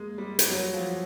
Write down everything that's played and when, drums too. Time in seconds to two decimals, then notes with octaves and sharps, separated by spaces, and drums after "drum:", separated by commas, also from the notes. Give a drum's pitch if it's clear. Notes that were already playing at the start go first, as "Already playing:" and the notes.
Already playing: G#3 A#3
0.18 G3
0.39 G3, drum: hi-hat
0.50 F#3
0.73 F3